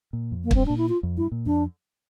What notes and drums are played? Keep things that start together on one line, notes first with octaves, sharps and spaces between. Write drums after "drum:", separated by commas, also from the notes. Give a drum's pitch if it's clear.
A#2
F2
A#3
G2 C4, drum: kick
A#2 D4
E4
F4
F2
G2 E4
A#2
F2 D4